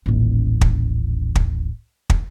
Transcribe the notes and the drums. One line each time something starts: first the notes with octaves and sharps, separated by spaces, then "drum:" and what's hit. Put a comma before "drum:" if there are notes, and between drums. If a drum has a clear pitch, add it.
D#1 A1
drum: kick
drum: kick
drum: kick